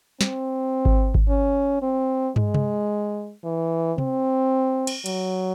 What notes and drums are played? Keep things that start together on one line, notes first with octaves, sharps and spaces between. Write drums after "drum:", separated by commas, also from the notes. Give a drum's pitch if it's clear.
C4, drum: snare
drum: kick G#1
drum: kick G#1
C#4
C4
G#3, drum: tom
drum: tom C3
E3
C4, drum: tom C3
drum: cymbal
F#3, drum: cymbal